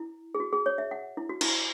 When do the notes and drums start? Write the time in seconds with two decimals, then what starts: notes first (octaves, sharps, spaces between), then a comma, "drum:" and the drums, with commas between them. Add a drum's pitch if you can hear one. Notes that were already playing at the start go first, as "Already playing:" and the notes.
Already playing: E4
0.35 G#4
0.40 F#4
0.53 G#4
0.66 C#5
0.78 E5
0.91 F#5
1.17 E4
1.29 F#4
1.41 E4, drum: cymbal